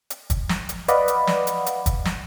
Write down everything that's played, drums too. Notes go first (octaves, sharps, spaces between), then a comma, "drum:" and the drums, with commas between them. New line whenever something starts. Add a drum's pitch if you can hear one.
drum: hi-hat
drum: kick, hi-hat
drum: snare
drum: hi-hat
B4 D5 D#5 F5 F#5 B5, drum: hi-hat
drum: hi-hat
drum: snare
drum: hi-hat
drum: hi-hat
drum: kick, hi-hat
drum: snare